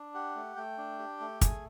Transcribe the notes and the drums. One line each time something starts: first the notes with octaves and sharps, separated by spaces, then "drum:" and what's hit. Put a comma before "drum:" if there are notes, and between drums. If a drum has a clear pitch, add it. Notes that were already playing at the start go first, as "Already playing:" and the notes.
Already playing: D4
G4 F#5
A3
A3 G5
D4
G4
A3
G#4 G#5, drum: kick, hi-hat